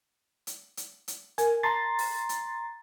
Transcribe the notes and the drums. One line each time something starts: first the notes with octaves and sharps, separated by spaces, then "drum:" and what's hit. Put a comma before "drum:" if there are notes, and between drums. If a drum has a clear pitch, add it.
drum: hi-hat
drum: hi-hat
drum: hi-hat
A#4 G#5, drum: hi-hat
A5 A#5 C6 A6
drum: open hi-hat
drum: hi-hat